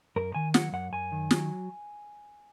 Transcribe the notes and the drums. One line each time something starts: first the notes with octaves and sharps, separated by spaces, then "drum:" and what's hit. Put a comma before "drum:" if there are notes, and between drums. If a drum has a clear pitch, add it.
F#2 A#4
D#3 G#5
F#3 F#5, drum: snare
F#2 F#5
F#2 G#5
D#3
F#3, drum: snare